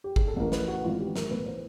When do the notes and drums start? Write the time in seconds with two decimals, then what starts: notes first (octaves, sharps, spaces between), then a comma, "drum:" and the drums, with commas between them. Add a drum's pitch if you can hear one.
0.04 G4
0.16 G#4, drum: kick G#1
0.28 A4
0.36 A1 A2 E3 A#4
0.52 B4, drum: snare
0.68 F#4
0.83 G#1 G#2 E3 F4
1.00 G4
1.16 A#4, drum: snare
1.31 B1 A2 E3 B4
1.46 C5